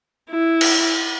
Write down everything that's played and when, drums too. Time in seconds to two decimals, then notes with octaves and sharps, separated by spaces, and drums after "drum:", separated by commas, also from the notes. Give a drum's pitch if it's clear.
0.30 E4
0.61 drum: cymbal